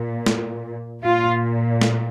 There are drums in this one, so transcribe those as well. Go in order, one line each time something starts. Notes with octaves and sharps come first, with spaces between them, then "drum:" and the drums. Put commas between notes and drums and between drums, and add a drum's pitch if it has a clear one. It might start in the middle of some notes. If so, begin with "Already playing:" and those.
Already playing: A#2
drum: snare
A#2 F4
drum: snare